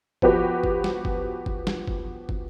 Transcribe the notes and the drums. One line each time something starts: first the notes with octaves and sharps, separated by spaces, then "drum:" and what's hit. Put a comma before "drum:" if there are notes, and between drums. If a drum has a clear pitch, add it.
F3 B3 F#4 G4 B4, drum: kick
drum: kick
drum: snare
drum: kick
drum: kick
drum: snare
drum: kick
drum: kick